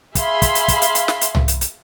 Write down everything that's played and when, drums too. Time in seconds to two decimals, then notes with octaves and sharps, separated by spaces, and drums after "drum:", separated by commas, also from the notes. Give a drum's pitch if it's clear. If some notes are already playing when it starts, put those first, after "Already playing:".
0.15 G#4 E5 F5 B5 C6, drum: kick, hi-hat
0.42 drum: kick, hi-hat
0.55 drum: hi-hat
0.68 drum: kick, hi-hat
0.82 drum: hi-hat
0.95 drum: hi-hat
1.08 drum: snare
1.21 drum: hi-hat
1.35 drum: tom C2
1.48 drum: hi-hat
1.61 drum: hi-hat